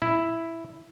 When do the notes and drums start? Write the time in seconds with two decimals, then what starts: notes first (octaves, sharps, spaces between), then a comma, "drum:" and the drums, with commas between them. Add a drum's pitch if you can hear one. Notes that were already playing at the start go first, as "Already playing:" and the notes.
0.02 E4, drum: tom A#2